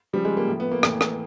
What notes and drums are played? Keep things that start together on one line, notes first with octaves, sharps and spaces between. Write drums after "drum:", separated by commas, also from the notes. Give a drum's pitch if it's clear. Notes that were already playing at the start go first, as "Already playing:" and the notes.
C#3 F3 G3
G#3
A#3
A2 F3
B3
A#3
A2 E3, drum: rim click
drum: rim click